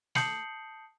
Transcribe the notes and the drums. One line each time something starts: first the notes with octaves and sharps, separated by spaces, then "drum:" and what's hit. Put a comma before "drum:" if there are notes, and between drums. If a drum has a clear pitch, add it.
A5 D#6 G6 C7 C#7 F#7, drum: snare